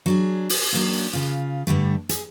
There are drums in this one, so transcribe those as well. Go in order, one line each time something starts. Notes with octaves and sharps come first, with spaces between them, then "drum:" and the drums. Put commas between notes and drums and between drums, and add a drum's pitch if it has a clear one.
F#3 D4 G#4
drum: open hi-hat
F#3 A#3 C#4 D4
C#3 F4
G2 D3 G3 A3
G#4, drum: hi-hat